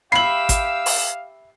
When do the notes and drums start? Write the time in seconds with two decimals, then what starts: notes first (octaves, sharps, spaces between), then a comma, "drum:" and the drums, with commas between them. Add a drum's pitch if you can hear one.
0.12 G4 E5 F5 B5 E6 C7 F#7
0.49 drum: kick G#1, hi-hat
0.86 drum: open hi-hat